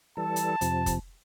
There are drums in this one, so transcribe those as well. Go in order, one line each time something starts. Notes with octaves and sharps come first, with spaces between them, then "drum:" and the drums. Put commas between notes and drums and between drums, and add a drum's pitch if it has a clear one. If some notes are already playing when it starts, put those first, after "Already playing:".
E3 G3 A4 A5
drum: hi-hat
F2 C3 F3, drum: hi-hat
drum: kick F1, hi-hat